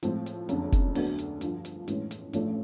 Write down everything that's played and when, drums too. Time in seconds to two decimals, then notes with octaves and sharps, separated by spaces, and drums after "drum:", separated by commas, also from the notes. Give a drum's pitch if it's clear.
0.03 A2 F3 G#3 C4, drum: hi-hat
0.26 drum: hi-hat
0.49 F#1 F2 D3, drum: hi-hat
0.72 drum: kick F1, hi-hat
0.95 D2 D3 F#3 B3 D4, drum: open hi-hat
1.18 drum: hi-hat
1.41 G2 D3 F3, drum: hi-hat
1.65 drum: hi-hat
1.88 A2 E3 G#3 C#4, drum: hi-hat
2.11 drum: hi-hat
2.33 A1 A2 F3 A3 D4, drum: hi-hat